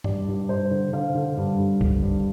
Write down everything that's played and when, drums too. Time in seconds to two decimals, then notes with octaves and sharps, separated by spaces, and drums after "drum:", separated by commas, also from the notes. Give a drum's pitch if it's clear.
0.04 G2 D5, drum: tom G2
0.28 G2
0.49 G2 C5
0.71 D3
0.93 D3 C5 F5
1.14 D3
1.37 G2
1.58 G2
1.81 D3, drum: kick C2
2.02 G2